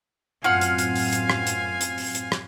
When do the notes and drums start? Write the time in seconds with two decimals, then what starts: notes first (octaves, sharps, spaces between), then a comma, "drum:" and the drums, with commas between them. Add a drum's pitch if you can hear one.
0.44 F#2 A2 C4 F4 F5 F#5 G#5 F6
0.61 drum: hi-hat
0.78 drum: hi-hat
0.95 drum: open hi-hat
1.12 drum: hi-hat
1.30 drum: rim click
1.47 drum: hi-hat
1.81 drum: hi-hat
1.98 drum: open hi-hat
2.15 drum: hi-hat
2.32 drum: rim click